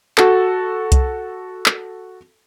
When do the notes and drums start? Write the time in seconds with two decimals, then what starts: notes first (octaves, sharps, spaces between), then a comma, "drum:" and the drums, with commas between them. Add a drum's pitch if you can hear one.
0.18 F#4 A4, drum: clap
0.92 drum: kick C2, hi-hat
1.66 drum: clap